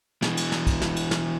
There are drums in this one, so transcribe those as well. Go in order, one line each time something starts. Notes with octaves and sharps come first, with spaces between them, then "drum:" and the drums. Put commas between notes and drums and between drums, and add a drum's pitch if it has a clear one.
B2 E3, drum: snare
drum: cymbal
drum: snare
drum: kick, cymbal
drum: snare
drum: cymbal
drum: snare